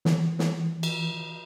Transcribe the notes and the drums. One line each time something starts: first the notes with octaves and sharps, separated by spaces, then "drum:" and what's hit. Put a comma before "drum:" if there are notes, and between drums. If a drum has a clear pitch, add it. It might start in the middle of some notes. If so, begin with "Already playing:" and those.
E3, drum: snare
drum: snare
drum: cymbal